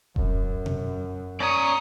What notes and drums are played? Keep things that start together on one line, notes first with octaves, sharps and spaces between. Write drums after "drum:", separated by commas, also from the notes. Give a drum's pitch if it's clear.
F#2, drum: kick E1
drum: tom B2
C#4 C#5 D5 A#5 D#6